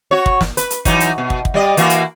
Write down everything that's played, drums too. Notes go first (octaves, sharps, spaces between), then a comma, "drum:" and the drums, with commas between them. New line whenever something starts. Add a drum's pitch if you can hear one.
F#4 C#5
drum: kick
drum: snare
B4, drum: hi-hat
drum: hi-hat
E3 F#3 D#4, drum: kick, hi-hat
drum: hi-hat
B2
drum: kick
drum: kick
G3 D5 D#5
E3 A#3 F#4, drum: hi-hat
drum: hi-hat